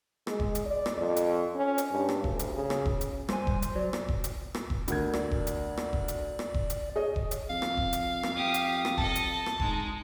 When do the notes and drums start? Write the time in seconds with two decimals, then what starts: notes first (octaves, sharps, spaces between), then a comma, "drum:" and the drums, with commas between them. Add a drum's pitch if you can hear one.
0.27 G#3, drum: rim click
0.40 drum: kick E1
0.55 drum: hi-hat
0.66 D5
0.86 drum: rim click
0.97 F2
1.16 drum: hi-hat
1.56 C#4
1.78 drum: hi-hat
1.91 G2
2.09 drum: rim click
2.24 D2, drum: kick E1
2.39 drum: hi-hat
2.55 C#3
2.70 drum: rim click
2.85 drum: kick E1
3.01 drum: hi-hat
3.29 G3 C5 G#5, drum: rim click
3.47 drum: kick E1
3.62 drum: hi-hat
3.76 F#3 D5
3.93 drum: rim click
4.08 drum: kick E1
4.24 drum: hi-hat
4.55 drum: rim click
4.70 drum: kick E1
4.88 D2 A#4 G#6, drum: hi-hat
5.13 D5, drum: rim click
5.31 drum: kick E1
5.47 drum: hi-hat
5.77 drum: rim click
5.93 drum: kick E1
6.08 drum: hi-hat
6.39 drum: rim click
6.54 drum: kick E1
6.70 drum: hi-hat
6.96 G#4 C#5 D#5
7.16 drum: kick E1
7.31 drum: hi-hat
7.50 F2 F5
7.62 drum: rim click
7.77 drum: kick E1
7.93 drum: hi-hat
8.23 drum: rim click
8.35 G4 D#6
8.54 drum: hi-hat
8.85 drum: rim click
8.98 A4 D#5 A5, drum: kick E1
9.16 drum: hi-hat
9.46 drum: rim click
9.60 G#3 D#4, drum: kick E1